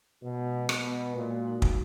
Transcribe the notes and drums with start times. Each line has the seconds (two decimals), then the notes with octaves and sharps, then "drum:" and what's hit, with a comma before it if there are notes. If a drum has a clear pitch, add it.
0.21 B2 F#4
0.38 G#3
0.53 G#3
0.69 B2 G#3, drum: rim click
0.84 F#4
1.00 G#3
1.15 A#2 G#3
1.32 F#4
1.47 D#4
1.62 G#3, drum: kick